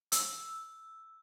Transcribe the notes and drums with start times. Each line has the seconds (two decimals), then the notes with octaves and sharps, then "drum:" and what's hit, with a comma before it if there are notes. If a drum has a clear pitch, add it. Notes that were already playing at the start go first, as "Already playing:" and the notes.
0.12 E6, drum: hi-hat